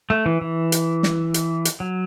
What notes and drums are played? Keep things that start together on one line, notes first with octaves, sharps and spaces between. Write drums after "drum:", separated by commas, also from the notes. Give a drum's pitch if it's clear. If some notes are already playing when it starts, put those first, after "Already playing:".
A3
E3
E3
drum: hi-hat
drum: snare
drum: hi-hat
drum: hi-hat
F#3